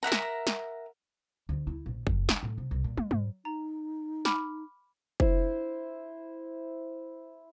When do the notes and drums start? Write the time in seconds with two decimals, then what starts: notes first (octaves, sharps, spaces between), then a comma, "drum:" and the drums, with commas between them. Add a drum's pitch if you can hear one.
0.03 A#4 E5 F#5 A#5
0.12 drum: snare
0.47 drum: snare
1.49 D2
1.67 E4
1.86 A#1
2.07 F#2, drum: kick
2.29 D4, drum: snare
2.43 A2
2.58 C3
2.71 C2
2.84 A#2
2.98 A#3, drum: tom
3.11 G#2, drum: tom
3.45 D#4 A#5
4.25 B5 D6 F6, drum: snare
5.20 E4 C5, drum: kick